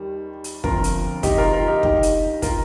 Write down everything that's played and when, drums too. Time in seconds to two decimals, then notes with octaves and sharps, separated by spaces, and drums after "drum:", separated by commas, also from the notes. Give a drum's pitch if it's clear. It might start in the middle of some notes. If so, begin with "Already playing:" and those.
Already playing: D#2 D#3 G3
0.44 drum: hi-hat
0.64 G1 F2 F3 F4 A#4, drum: kick
0.84 drum: hi-hat
1.23 D#4 G4, drum: kick, hi-hat
1.38 F4 A#4
1.53 F4 A#4
1.68 D#4 G4
1.83 D#2 D#3 D#4 G4, drum: kick
2.03 drum: hi-hat
2.42 F4 A#4, drum: kick, hi-hat